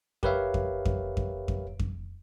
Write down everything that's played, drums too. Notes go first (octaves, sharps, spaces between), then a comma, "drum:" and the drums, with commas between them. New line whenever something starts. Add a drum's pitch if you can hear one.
G4 A#4 B4 C#5 E5 F5, drum: kick F2
drum: kick F2
drum: kick F2
drum: kick F2
drum: kick F2
drum: kick F2